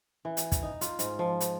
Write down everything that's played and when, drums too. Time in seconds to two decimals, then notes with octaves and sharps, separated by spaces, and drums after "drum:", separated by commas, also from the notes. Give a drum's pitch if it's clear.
0.25 E3
0.37 drum: hi-hat
0.52 drum: kick, hi-hat
0.63 D#4
0.81 F4, drum: hi-hat
0.99 G#2, drum: hi-hat
1.19 F3
1.41 drum: hi-hat